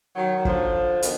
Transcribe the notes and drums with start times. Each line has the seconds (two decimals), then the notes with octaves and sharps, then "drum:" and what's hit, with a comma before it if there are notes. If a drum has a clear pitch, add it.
0.16 D#3 F#3
0.35 D#3
0.45 D3 F3, drum: kick
1.02 B2 D#3, drum: hi-hat